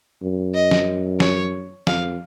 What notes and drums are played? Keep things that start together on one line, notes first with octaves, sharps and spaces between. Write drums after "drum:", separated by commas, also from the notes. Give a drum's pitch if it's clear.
F#2
D#5
drum: snare
C#5, drum: snare
F2 F5, drum: snare